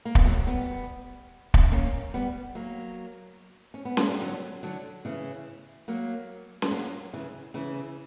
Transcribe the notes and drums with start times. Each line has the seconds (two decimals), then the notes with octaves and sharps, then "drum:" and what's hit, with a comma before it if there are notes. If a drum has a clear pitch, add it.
0.05 A#3
0.15 B3, drum: kick
0.25 F#3 A#3
0.47 G3 B3
1.54 drum: kick
1.72 A#3 C#4
2.14 G3 B3
2.55 F#3 A#3
3.74 C#4
3.85 B3
3.97 A#3, drum: snare C#4
4.09 G3
4.21 D3 F#3
4.63 D3 F#3
5.05 C#3 E3
5.88 F#3 A#3
6.62 drum: snare C#4
6.71 F#3 A#3
7.14 C#3 E3
7.54 C#3 E3